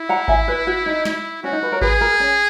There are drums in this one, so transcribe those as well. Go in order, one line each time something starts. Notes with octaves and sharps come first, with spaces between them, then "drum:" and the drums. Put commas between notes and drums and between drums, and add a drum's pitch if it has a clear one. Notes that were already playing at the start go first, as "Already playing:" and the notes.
Already playing: E4
F#5 A#5
E5 G#5, drum: kick G#1
B4
F#4
D#4
E4, drum: snare
C#4 F#4
D#4
B4
A#4 C#5
G#4 B4, drum: kick G#1
A#4
C#4